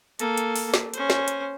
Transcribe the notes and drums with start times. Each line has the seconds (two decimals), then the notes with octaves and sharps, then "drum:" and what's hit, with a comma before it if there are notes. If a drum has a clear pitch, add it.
0.19 A#3 A4, drum: hi-hat
0.38 drum: hi-hat
0.56 drum: open hi-hat
0.74 drum: snare
0.94 C#4 C5, drum: hi-hat
1.10 drum: snare
1.28 drum: hi-hat